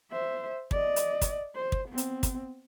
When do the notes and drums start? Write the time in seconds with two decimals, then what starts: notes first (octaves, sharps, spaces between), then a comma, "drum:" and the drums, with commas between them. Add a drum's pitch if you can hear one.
0.11 C5 E5
0.71 D5 D#5, drum: kick
0.96 drum: hi-hat
1.22 drum: kick, hi-hat
1.55 C5
1.72 drum: kick
1.88 B3 C4
1.98 drum: hi-hat
2.23 drum: kick, hi-hat